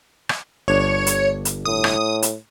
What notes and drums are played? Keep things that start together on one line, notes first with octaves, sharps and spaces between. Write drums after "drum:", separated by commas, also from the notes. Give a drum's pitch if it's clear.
drum: rim click
G1 D4 C#5 A5
drum: hi-hat
drum: hi-hat
A2 D#6
drum: rim click
drum: hi-hat